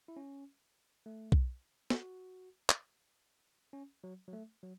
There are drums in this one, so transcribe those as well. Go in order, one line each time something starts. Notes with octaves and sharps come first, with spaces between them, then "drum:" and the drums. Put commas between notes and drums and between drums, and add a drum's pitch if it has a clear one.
E4
C#4
A3
drum: kick B1
A4, drum: snare
F#4
drum: clap
C#4
F#3
F#3
A3
F#3